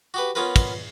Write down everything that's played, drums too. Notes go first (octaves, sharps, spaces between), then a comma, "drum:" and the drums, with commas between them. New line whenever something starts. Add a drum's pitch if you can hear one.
F#4 G4 B4
B3 C#4 F4 A#4 B4
drum: kick, cymbal